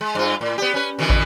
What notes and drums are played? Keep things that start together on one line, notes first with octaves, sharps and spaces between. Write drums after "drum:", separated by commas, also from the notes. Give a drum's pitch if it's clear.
G#3
G2 F4
A2
B3 G4
C#4 B4
B2 D3 E3
drum: kick